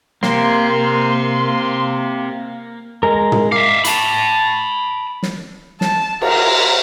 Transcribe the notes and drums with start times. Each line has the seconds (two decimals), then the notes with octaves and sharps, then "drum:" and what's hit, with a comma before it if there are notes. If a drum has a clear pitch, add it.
0.23 A#3 C4 G4 C6, drum: snare
3.03 G#3 A#4
3.32 drum: tom
3.52 E5 F5 D6
3.84 A5 B5, drum: hi-hat
5.23 drum: snare
5.81 A5, drum: snare
6.22 A#4, drum: cymbal